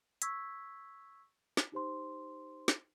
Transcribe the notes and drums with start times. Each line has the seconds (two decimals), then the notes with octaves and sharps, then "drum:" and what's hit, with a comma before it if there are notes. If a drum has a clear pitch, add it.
0.22 C#6 E6 G#6 B6, drum: hi-hat
1.57 drum: snare
1.72 D#4 G4 C5 C6
2.68 drum: snare